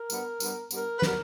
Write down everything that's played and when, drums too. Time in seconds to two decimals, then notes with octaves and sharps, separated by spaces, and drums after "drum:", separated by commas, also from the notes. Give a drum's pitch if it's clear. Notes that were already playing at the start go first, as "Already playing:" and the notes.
Already playing: A#4
0.10 G2 G3 B3, drum: tambourine
0.40 G2 G3 B3, drum: tambourine
0.71 G2 G3 B3 A#4, drum: tambourine
0.98 B4
1.02 G3 B3 A#4, drum: snare